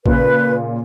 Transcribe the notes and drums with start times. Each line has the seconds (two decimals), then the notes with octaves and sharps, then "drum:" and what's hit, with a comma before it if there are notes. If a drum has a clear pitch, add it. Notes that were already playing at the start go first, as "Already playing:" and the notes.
0.06 A#2 C#3 B4, drum: kick A1